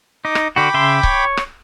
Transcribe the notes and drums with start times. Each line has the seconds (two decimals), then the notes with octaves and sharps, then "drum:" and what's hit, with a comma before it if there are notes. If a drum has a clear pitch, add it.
0.25 D#4 D6 D#6
0.35 drum: rim click
0.56 D3 F#4 G5 B5 D6
0.74 C#3 E5 C6
1.03 C#5, drum: kick C#1
1.37 drum: rim click